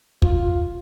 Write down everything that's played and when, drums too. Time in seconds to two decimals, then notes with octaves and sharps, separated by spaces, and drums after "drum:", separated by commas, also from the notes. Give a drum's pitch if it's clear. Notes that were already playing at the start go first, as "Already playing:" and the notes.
0.22 F4, drum: kick